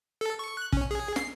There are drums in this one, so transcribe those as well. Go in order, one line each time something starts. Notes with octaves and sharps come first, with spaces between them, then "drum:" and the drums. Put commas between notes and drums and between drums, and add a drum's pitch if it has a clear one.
A4
C#6
F#6
C#4, drum: kick
G#4
C7, drum: snare